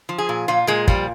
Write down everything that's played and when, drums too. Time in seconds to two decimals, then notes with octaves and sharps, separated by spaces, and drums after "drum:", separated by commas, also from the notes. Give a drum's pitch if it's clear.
0.09 F3
0.18 G#4
0.29 A#2
0.48 A#2 F4
0.67 A#2 G#3
0.88 F3 G3, drum: kick